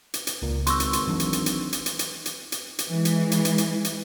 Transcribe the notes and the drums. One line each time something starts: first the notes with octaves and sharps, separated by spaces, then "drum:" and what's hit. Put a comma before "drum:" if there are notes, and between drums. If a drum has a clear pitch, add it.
drum: hi-hat
drum: hi-hat
C#2 A#2
G#1 C6 C#6 E6, drum: hi-hat
drum: hi-hat
drum: hi-hat
E3 F#3 D4
drum: hi-hat
drum: hi-hat
drum: hi-hat
drum: hi-hat
drum: hi-hat
drum: hi-hat
drum: hi-hat
drum: hi-hat
drum: hi-hat
E3 G#3
drum: hi-hat
drum: hi-hat
drum: hi-hat
drum: hi-hat
drum: hi-hat